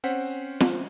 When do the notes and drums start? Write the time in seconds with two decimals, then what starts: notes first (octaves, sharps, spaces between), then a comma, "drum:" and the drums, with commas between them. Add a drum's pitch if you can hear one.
0.04 C4 C#4 C5 F#5 B6
0.60 drum: snare